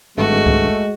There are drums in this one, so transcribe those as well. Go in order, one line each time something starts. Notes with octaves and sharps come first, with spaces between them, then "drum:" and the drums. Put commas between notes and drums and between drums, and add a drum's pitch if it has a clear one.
G#1 G2 G#3 A3 F#4
drum: kick C#2